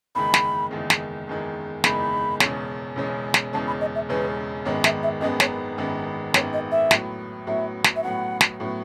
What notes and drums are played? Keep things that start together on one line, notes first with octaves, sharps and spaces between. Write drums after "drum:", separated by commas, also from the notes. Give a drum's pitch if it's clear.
F#1 E2 D#3 G#3 B5
drum: snare
F#1 E2 D#3 G#3
drum: snare
F#1 E2 D#3 G#3
F#1 E2 D#3 G#3 B5, drum: snare
E1 E2 C#3 G#3 C#4, drum: snare
E1 E2 C#3 G#3 C#4
drum: snare
E1 E2 C#3 G#3 C#4 A5
B5
D#5
E5
E1 E2 C#3 G#3 C#4 B4
G#1 F#2 D#3 G#3 B3 C#5
E5, drum: snare
E5
G#1 F#2 D#3 G#3 B3 D#5
C#5, drum: snare
G#1 F#2 D#3 G#3 B3
G#1 F#2 D#3 G#3 B3 C#5, drum: snare
D#5
E5
A2 F#3 B3, drum: snare
A2 F#3 B3 E5
drum: snare
E5
A2 F#3 B3 F#5
drum: snare
A2 F#3 B3